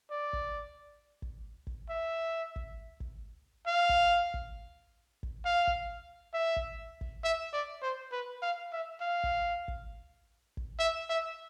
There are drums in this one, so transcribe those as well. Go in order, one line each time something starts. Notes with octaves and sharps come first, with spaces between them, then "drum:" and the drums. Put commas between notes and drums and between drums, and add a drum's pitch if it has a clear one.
D5
drum: kick
drum: kick
drum: kick
E5
drum: kick
drum: kick
F5
drum: kick
drum: kick
drum: kick
F5
drum: kick
E5
drum: kick
drum: kick
E5
D5
C5
B4
F5
E5
F5
drum: kick
drum: kick
drum: kick
E5
E5